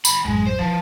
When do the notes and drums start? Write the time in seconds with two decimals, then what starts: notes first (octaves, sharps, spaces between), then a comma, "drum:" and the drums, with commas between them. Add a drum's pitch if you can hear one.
0.05 D#3 B5, drum: tambourine
0.25 A1 F#2 G#3
0.47 C5
0.59 E3 F3